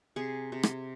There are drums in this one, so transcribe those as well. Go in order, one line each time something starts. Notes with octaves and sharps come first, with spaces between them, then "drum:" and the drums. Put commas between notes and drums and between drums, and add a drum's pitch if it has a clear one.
C3 G#4
C3
drum: rim click